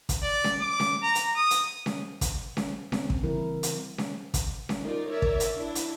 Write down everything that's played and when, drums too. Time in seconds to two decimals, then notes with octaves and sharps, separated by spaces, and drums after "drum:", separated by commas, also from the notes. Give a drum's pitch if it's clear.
0.09 drum: kick, hi-hat
0.23 D5
0.44 drum: snare C#4
0.62 D6
0.80 drum: snare C#4
1.03 A#5
1.15 drum: hi-hat
1.36 D#6
1.50 drum: hi-hat
1.86 drum: snare C#4
2.21 drum: kick, hi-hat
2.57 drum: snare C#4
2.92 C4, drum: snare C#4
3.10 drum: kick
3.23 C#3 E3 G3 E4 A#4
3.63 drum: hi-hat
3.98 drum: snare C#4
4.34 drum: kick, hi-hat
4.69 drum: snare C#4
4.81 D#4 F4 A#4 D5
5.11 A#4 C#5 D5 E5
5.22 drum: kick
5.40 drum: hi-hat
5.57 D4 E4
5.75 drum: hi-hat